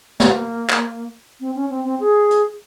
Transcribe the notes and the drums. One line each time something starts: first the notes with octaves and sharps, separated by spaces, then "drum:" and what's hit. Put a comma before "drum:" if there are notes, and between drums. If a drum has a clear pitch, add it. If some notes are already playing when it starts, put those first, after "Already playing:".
A#3, drum: snare
drum: clap
C4
C#4
C4
C4
G#4
drum: hi-hat